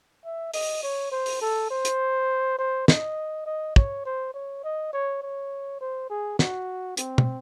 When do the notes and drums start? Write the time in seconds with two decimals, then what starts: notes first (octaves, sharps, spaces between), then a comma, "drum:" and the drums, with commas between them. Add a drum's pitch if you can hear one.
0.25 E5
0.54 D#5, drum: open hi-hat
0.83 C#5
1.12 C5
1.26 drum: open hi-hat
1.41 A4
1.71 C5
1.85 drum: hi-hat
2.58 C5
2.88 D#5, drum: snare
3.46 D#5
3.76 C#5, drum: kick
4.05 C5
4.34 C#5
4.64 D#5
4.93 C#5
5.23 C#5
5.81 C5
6.10 G#4
6.39 F#4, drum: snare
6.97 C4, drum: hi-hat
7.18 drum: tom